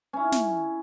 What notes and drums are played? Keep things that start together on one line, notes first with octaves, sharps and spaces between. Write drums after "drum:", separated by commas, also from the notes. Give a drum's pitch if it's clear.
C#4 E4
drum: snare